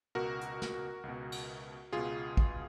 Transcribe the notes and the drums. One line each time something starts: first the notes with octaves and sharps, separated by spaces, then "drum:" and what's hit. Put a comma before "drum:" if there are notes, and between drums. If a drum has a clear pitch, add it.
C#2 B2 F#4 A#4
drum: hi-hat
drum: snare
C#2 B2
drum: cymbal
C#2 B2 F4 G#4
drum: kick